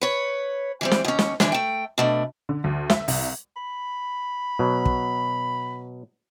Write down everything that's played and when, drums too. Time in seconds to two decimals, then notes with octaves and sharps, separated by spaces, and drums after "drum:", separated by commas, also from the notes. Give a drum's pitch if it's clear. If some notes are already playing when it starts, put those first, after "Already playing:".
0.01 B4 C#5
0.81 E3 G3 C4
0.91 drum: snare
1.05 D#2 C#4
1.19 drum: snare
1.40 F#2 D3 E3 D4, drum: snare
1.52 A3 G5
1.98 B2 A3 D4
2.49 D3
2.64 D2
2.90 E5, drum: snare
3.08 C2, drum: open hi-hat
3.56 B5
4.59 B2 F#3
4.85 drum: kick